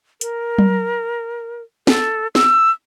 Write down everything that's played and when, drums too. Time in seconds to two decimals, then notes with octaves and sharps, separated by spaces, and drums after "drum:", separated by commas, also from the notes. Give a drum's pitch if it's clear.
0.21 A#4, drum: hi-hat
0.58 drum: tom F#3
1.87 A4, drum: snare
2.35 E6, drum: snare